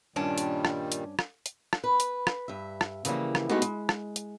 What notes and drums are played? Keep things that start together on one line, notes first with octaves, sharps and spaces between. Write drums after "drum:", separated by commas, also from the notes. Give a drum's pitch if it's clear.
G2 A#2 D#3 G3 C#4 D4
drum: hi-hat
drum: rim click
drum: hi-hat
drum: rim click
drum: hi-hat
drum: rim click
B4
drum: hi-hat
drum: rim click
G2 E5
drum: rim click
C#3 E3 F3 G3 A#3, drum: hi-hat
drum: rim click
G#3 A3 B3 D#4 F#4 G4
G#3, drum: hi-hat
drum: rim click
drum: hi-hat